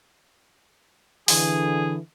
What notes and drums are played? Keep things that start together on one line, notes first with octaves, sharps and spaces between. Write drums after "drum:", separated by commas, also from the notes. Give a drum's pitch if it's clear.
D3 E3 G#4, drum: open hi-hat